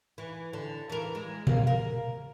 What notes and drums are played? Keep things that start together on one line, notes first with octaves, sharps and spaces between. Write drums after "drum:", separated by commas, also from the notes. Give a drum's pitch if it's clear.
E3
D3
E3 A#4
G#3
A#3, drum: tom A#2
A#4